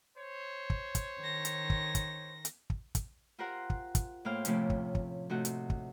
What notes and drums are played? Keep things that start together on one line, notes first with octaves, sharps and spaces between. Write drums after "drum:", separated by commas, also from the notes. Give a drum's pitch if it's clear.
C5 C#5
drum: kick
drum: kick, hi-hat
D#3 A#6
drum: hi-hat
drum: kick
drum: kick, hi-hat
drum: hi-hat
drum: kick
drum: kick, hi-hat
F4 G4 A#4 C5 F#5 A#5
drum: kick
drum: kick, hi-hat
A2 A#3 C5 F5 G5
A2 C3 F3 A3 A#3 C#4, drum: hi-hat
drum: kick
drum: kick
C3 A3 D#4 F#4
drum: hi-hat
drum: kick